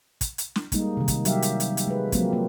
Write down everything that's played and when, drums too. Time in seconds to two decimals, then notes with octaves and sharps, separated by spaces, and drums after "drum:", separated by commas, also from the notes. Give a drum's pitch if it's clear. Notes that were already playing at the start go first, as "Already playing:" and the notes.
0.21 drum: kick, hi-hat
0.38 drum: hi-hat
0.56 drum: snare
0.72 G3 G#3 A#3 D#4, drum: kick, hi-hat
0.97 C3 D#3
1.08 drum: kick, hi-hat
1.25 F#3 G3 G4 E5 F5, drum: hi-hat
1.42 drum: hi-hat
1.60 drum: hi-hat
1.77 drum: hi-hat
1.87 G#3 B4
2.12 F3 F#3 G#3 A#3 C4, drum: kick, hi-hat
2.33 A#3